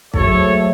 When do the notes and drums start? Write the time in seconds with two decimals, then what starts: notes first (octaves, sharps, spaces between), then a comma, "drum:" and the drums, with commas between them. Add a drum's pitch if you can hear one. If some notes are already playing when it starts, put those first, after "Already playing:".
0.14 G#2 F#3 A3 A4 C#5, drum: kick